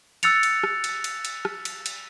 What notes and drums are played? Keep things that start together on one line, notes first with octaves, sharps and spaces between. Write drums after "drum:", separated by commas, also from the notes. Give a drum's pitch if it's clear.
E6 F#6 A6 C#7 F7, drum: cymbal
drum: cymbal
drum: rim click
drum: cymbal
drum: cymbal
drum: cymbal
drum: rim click
drum: cymbal
drum: cymbal